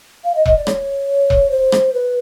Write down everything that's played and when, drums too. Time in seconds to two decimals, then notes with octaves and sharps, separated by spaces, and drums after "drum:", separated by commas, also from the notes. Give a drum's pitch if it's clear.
0.24 F5
0.35 D#5
0.45 D#5, drum: kick E1
0.56 D5
0.67 C#5, drum: rim click
1.30 drum: kick E1
1.51 C5
1.72 drum: rim click
1.93 B4